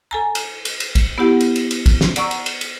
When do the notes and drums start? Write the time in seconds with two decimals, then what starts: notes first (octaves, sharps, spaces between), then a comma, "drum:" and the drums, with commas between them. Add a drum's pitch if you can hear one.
0.11 A4 G#5 A#5
0.35 drum: cymbal
0.65 drum: cymbal
0.80 drum: cymbal
0.95 drum: kick, cymbal
1.18 B3 E4 G4 F#5
1.41 drum: cymbal
1.56 drum: cymbal
1.71 drum: cymbal
1.86 drum: kick, cymbal
2.01 drum: snare
2.16 D5 F#5 A#5 C#6 E6, drum: cymbal
2.31 drum: cymbal
2.46 drum: cymbal
2.61 drum: cymbal